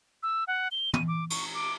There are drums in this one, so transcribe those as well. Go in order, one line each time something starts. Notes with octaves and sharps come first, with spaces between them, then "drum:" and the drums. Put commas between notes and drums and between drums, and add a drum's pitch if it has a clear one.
E6
F#5
G7
D#7, drum: tom
D6
C#6, drum: cymbal
D6